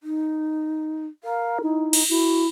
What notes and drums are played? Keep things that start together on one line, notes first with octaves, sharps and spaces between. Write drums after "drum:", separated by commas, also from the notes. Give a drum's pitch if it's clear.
D#4
A#4 F5
D#4 E4
drum: cymbal
E4 F#4